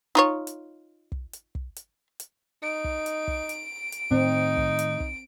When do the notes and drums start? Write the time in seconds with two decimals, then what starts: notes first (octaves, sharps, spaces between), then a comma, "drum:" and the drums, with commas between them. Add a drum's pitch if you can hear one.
0.15 D#4 F4 C#5
0.47 drum: hi-hat
1.12 drum: kick
1.33 drum: hi-hat
1.55 drum: kick
1.76 drum: hi-hat
2.20 drum: hi-hat
2.63 D#4 D7
2.84 drum: kick
3.06 drum: hi-hat
3.28 drum: kick
3.49 drum: hi-hat
3.92 drum: hi-hat
4.11 A2 D#3 C4 D#4
4.57 drum: kick
4.79 drum: hi-hat
5.00 drum: kick